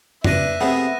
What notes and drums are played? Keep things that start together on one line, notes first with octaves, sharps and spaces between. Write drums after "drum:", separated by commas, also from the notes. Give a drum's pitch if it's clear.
D4 B4 E5 F#6 A#6 D#7, drum: tom F2
C3 A3 B3 G#4